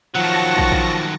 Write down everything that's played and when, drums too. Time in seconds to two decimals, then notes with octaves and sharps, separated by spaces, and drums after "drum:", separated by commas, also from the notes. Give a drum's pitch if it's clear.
0.15 D#3 F3 F#3 F#5 A5 C#6 A#6
0.58 drum: kick
0.72 drum: kick